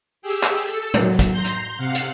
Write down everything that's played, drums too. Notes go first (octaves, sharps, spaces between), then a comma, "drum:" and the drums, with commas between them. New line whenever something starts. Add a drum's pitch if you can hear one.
G4 G#4 E6
drum: clap
A4 E6
F#3, drum: tom
drum: kick, hi-hat
A#5 C6 G6
drum: hi-hat
C3 F5 F#5
drum: hi-hat